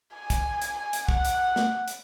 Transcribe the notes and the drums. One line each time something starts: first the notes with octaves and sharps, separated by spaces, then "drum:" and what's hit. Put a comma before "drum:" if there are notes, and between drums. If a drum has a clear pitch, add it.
G#5
drum: kick, hi-hat
drum: hi-hat
G#5
drum: hi-hat
F#5, drum: kick
drum: hi-hat
drum: snare
drum: hi-hat